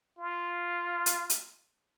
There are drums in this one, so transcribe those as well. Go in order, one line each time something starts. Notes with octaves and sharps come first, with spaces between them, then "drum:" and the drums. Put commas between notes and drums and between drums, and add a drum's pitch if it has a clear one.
F4
drum: hi-hat
drum: hi-hat